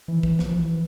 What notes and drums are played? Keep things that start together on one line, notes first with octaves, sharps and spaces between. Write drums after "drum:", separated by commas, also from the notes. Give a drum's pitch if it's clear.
E3
E3, drum: kick
F3, drum: snare
E3